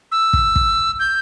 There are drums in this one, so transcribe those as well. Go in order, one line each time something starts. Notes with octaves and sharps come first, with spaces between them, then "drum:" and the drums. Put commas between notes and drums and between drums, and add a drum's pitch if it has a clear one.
E6
drum: kick
drum: kick
G6